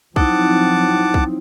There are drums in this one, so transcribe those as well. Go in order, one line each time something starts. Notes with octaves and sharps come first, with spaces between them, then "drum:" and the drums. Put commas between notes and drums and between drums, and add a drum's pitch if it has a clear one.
F3 F#3 C4 D#4 E4 F#5 A5 D6, drum: kick
drum: kick